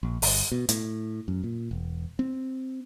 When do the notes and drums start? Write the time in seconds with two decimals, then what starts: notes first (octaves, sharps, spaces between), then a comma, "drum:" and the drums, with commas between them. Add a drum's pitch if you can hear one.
0.03 A#1
0.22 G1, drum: open hi-hat
0.52 B2
0.69 A2, drum: hi-hat
1.28 F#2
1.44 A#2
1.71 E1
2.19 C4